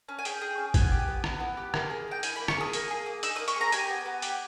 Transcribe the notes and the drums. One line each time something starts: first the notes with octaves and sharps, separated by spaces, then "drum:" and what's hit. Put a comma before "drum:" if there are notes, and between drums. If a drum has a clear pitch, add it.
C#4
G#5
G#4 G5, drum: hi-hat
G#4
C#4
B3 G#5, drum: kick, hi-hat
G4
B3
E4, drum: rim click
B3
G4
A#3, drum: rim click
G#4
A#3 G5
E4 G#5, drum: hi-hat
A#3 B5
C#6, drum: rim click
G#4 D#6
A#3, drum: hi-hat
G#4
A#3
D#4 E6, drum: hi-hat
A#3 D#6
C#6, drum: hi-hat
G#4 A#5
G4 G#5, drum: hi-hat
B3
B3
G4, drum: hi-hat